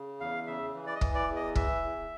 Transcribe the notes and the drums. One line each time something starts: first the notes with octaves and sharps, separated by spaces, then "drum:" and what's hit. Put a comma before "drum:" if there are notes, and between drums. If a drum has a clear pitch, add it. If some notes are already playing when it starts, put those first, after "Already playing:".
Already playing: C#3
E2 F5
C#3 E5
E3
D5
D#5
E3, drum: kick
D5
E2
D#5
E3 E5, drum: kick
E2